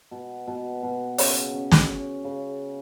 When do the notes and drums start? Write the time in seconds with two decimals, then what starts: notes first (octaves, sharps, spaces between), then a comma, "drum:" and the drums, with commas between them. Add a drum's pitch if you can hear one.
0.11 B2
0.47 B2
0.83 B2
1.18 C#3, drum: open hi-hat
1.54 C#4
1.71 drum: snare
1.89 C#4
2.24 C#3